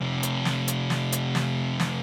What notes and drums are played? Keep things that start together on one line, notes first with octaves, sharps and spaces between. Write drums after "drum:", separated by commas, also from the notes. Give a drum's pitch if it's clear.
F2 C3
drum: hi-hat
drum: snare
drum: hi-hat
drum: snare
drum: hi-hat
drum: snare
drum: snare